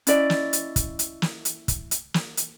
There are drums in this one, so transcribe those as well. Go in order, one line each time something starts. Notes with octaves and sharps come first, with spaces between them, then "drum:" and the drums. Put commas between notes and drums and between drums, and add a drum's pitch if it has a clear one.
C#4 E4 D5 D#5, drum: hi-hat
drum: snare
drum: hi-hat
drum: kick, hi-hat
drum: hi-hat
drum: snare
drum: hi-hat
drum: kick, hi-hat
drum: hi-hat
drum: snare
drum: hi-hat